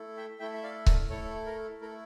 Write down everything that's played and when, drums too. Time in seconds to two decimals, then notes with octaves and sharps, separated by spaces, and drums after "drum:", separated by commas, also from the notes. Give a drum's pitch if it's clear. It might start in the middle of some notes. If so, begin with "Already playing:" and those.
Already playing: A3 E4 A4
0.17 E5 G5
0.39 A3 E4 A4 E5 G5
0.54 E5
0.63 D5 F5
0.86 A#4 D5, drum: kick C#1
1.10 A3 E4 A4 C#5
1.46 A#4
1.81 A3 E4 A4 A#4